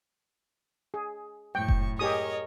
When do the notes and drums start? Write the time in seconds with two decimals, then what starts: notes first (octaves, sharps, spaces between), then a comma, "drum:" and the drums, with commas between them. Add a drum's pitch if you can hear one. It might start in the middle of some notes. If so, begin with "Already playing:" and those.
0.94 G#4
1.55 F#2 A2 G5 C#6
1.68 drum: kick F1
1.99 G4 G#4 A#4 C#5 D#5 D#6